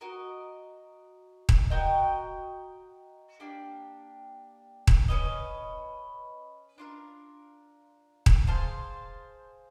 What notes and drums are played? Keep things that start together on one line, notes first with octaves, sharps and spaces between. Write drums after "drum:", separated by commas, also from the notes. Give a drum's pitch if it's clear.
F#4 A#4 D#5
drum: kick D#1
F#4 A#4 D#5 G5
A#3 D4 G4
drum: kick D#1
C#4 F#4 B4 D#5
D4 F4 A#4
drum: kick D#1
G#4 C5 F5 A5